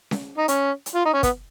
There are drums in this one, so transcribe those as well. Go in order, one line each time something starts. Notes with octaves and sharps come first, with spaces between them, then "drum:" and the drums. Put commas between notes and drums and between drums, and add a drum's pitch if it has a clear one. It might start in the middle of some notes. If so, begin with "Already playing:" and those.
drum: snare C#4
D#4
C#4, drum: hi-hat
drum: hi-hat
F4
D#4
C#4
B3, drum: kick, hi-hat